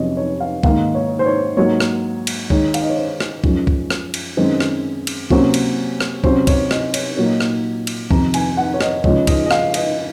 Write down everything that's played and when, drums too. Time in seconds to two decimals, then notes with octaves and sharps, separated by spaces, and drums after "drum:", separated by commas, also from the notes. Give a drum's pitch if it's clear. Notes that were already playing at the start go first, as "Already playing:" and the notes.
Already playing: F2 C3 F#3 C#4 C#5 D#5
0.17 C#5
0.40 F5
0.63 G#2 D#3 A#3 F5, drum: kick
0.95 C#5
1.19 C5
1.26 C#5
1.57 G#2 F#3 A#3 C#5
1.80 drum: rim click
2.27 drum: cymbal
2.50 D#3 G#3 D#4 C#5, drum: kick
2.74 F5, drum: cymbal
2.82 D#5
2.89 C#5
2.97 C5
3.20 drum: rim click
3.44 F#2 F3 G#3 C#4, drum: kick
3.67 drum: kick
3.90 drum: rim click
4.14 drum: cymbal
4.37 F#2 D#3 G#3 C4
4.60 drum: rim click
5.07 drum: cymbal
5.30 C3 F#3 A#3 C#4 C5, drum: kick
5.54 drum: cymbal
6.00 drum: rim click
6.24 C3 F#3 C#4 C5, drum: kick
6.47 C#5, drum: kick, cymbal
6.71 D#5, drum: rim click
6.94 C#5, drum: cymbal
7.17 A#2 F#3 A#3 D#4 C#5
7.41 drum: rim click
7.87 drum: cymbal
8.11 F2 C3 D#3 A#5, drum: kick
8.34 G#5, drum: cymbal
8.57 F#5
8.74 C#5
8.81 D#5, drum: rim click
9.04 C#3 F3 G#3 D#4 C#5, drum: kick
9.27 D#5, drum: kick, cymbal
9.46 D#5
9.51 F5, drum: rim click
9.74 D#5, drum: cymbal